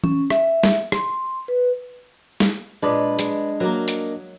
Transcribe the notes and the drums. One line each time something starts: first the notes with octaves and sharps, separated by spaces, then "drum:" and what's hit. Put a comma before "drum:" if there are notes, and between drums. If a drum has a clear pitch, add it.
C#4, drum: tom
E5, drum: rim click
drum: snare
C6, drum: rim click
B4
drum: snare
A#2 G#3 D4 B4 D5 D#5
G#3, drum: hi-hat
F#3 A#3 A#4
drum: hi-hat